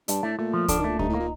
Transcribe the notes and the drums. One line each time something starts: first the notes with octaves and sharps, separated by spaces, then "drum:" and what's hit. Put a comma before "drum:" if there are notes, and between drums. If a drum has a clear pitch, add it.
G2 D4, drum: hi-hat
A2 A3
A#2 A3
F3
D3 D4, drum: kick C#2, hi-hat
D#3
A#2 A3
G2 D#4, drum: kick C#2
A2
A#3
A#2